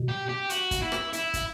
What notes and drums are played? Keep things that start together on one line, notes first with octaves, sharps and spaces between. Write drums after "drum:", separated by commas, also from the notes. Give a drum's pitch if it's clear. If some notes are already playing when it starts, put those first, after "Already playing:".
Already playing: B2
G4
G4
F#4, drum: hi-hat
drum: kick, hi-hat
E4
drum: rim click
E4, drum: hi-hat
drum: kick, hi-hat